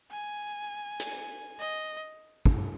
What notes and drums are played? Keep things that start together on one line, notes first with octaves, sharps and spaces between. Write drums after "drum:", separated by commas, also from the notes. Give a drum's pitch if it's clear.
G#5
drum: hi-hat
D#5
drum: kick